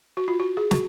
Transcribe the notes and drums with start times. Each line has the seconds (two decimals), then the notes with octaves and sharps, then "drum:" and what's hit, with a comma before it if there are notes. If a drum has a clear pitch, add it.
0.17 F#4
0.28 F4
0.40 F#4
0.57 G#4
0.71 F#4, drum: snare